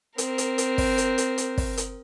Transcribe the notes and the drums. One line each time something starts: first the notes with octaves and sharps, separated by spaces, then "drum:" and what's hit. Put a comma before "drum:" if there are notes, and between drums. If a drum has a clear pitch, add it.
C4 A#4, drum: hi-hat
drum: hi-hat
drum: hi-hat
drum: kick, open hi-hat
drum: hi-hat
drum: hi-hat
drum: hi-hat
drum: kick, open hi-hat
drum: hi-hat